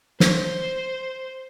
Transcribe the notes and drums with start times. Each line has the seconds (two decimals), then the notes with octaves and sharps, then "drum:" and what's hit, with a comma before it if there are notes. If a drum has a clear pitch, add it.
0.20 C5, drum: snare